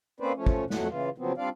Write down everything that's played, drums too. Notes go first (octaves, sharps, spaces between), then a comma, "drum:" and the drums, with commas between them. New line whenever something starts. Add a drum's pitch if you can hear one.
A#3 C4 C#4 B4 C5 D5
F3 A3 C#4
drum: kick
F2 F#3 A3 F#5, drum: snare
C#3 E3 F4
C#3 F3 F#3 B3 C4
G3 C4 D4 F4 D5 F5